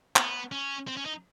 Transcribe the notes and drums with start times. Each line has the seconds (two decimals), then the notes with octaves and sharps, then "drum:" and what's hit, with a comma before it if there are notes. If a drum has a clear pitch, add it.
0.16 B3, drum: clap
0.52 C#4
0.87 C4
0.97 C#4
1.05 D#4